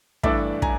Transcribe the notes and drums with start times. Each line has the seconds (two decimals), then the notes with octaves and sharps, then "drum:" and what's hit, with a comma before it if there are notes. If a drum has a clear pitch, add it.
0.23 G2 E3 A3 D4 D5 E5, drum: kick
0.62 G#5 A#5, drum: kick